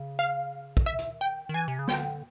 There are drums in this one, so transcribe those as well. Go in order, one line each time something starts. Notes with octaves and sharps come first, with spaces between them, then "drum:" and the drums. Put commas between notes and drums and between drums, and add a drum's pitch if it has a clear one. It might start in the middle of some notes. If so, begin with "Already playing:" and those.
Already playing: C#3
F5
drum: kick
D#3 E5
drum: hi-hat
G5
D#3
E3 G#5
C3
C#3
D3 G5, drum: snare